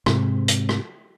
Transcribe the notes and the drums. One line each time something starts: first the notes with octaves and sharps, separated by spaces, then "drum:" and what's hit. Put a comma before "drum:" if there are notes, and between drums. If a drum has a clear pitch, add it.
G#2 C3, drum: rim click
drum: hi-hat
drum: rim click